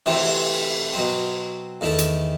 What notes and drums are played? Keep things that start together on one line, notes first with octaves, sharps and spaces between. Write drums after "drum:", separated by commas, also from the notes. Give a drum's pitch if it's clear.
C3 E3 A3 C4, drum: cymbal
B2 F#3 C4
E2 D#3 A3 E4 A4
drum: hi-hat